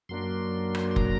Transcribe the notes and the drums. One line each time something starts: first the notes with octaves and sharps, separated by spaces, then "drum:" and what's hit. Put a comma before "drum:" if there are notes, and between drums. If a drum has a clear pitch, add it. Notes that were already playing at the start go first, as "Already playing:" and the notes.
F#2 F#3 A#3 D4 C6
drum: rim click
C6
A#5, drum: kick F1